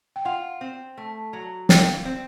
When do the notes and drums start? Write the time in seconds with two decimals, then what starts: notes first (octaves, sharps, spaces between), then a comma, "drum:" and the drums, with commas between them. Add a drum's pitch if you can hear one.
0.16 G5
0.25 F4 F#5
0.61 C4
0.98 A3
1.33 F#3
1.69 F4 G5, drum: snare
2.05 C4